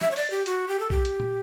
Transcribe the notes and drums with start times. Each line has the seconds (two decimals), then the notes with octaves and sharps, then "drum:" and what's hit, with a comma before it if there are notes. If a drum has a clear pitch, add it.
0.01 E5, drum: snare
0.11 C#5
0.16 D5, drum: open hi-hat
0.30 G4
0.46 F#4, drum: hi-hat
0.68 G4
0.80 A4
0.90 G4, drum: kick
1.05 drum: hi-hat
1.20 drum: tom